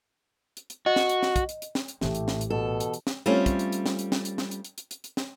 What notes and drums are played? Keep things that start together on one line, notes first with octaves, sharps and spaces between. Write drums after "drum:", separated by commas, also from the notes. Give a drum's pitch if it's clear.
drum: hi-hat
drum: hi-hat
F#4 D#5
drum: snare
drum: hi-hat
drum: snare
drum: kick, hi-hat
drum: hi-hat
drum: hi-hat
drum: snare
drum: hi-hat
A#1 A2 E3 A3 G4, drum: snare
drum: hi-hat
drum: snare
drum: hi-hat
B2 A4
drum: hi-hat
drum: hi-hat
drum: snare
G3 A3 C4 C#4 F4
drum: kick, hi-hat
drum: hi-hat
drum: hi-hat
drum: snare
drum: hi-hat
drum: snare
drum: hi-hat
drum: snare
drum: hi-hat
drum: hi-hat
drum: hi-hat
drum: hi-hat
drum: hi-hat
drum: snare